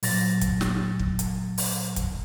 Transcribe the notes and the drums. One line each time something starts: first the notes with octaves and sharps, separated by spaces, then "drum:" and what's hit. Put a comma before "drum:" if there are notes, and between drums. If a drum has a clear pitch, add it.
A#2 F#3 A6 A#6, drum: open hi-hat
drum: kick, hi-hat
drum: snare
drum: kick
drum: hi-hat
drum: open hi-hat
drum: kick, hi-hat